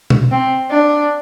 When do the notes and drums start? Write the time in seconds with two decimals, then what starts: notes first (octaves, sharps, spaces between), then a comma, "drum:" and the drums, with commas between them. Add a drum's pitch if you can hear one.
0.10 drum: tom
0.31 C4
0.71 D4